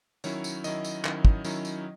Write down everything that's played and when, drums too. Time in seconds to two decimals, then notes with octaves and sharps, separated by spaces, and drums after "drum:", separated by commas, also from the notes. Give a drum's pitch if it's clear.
0.24 D#3 F#3 C#4 E4 C#5, drum: tambourine
0.44 drum: tambourine
0.64 D#3 F#3 C#4 E4 D#5, drum: tambourine
0.84 drum: tambourine
1.05 D#3 F#3 C#4 E4, drum: clap
1.25 drum: kick
1.44 D#3 F#3 C#4 E4, drum: tambourine
1.65 drum: tambourine